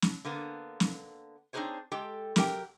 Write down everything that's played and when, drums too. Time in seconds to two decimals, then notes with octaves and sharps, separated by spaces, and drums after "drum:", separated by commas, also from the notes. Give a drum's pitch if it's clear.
0.02 drum: snare
0.25 D3 A#3 B3
0.80 drum: snare
1.53 C4 D4 D#4 G#4 C5 C#5
1.92 G#3 G4 A4 G5
2.36 F#3 G4 A#4 F#5 G5, drum: snare